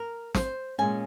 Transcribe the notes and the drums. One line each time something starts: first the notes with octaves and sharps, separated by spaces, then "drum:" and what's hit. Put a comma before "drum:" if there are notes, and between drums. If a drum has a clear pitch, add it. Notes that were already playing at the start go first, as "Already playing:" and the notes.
Already playing: A#4
C5, drum: snare
A#2 G#3 C#4 G#5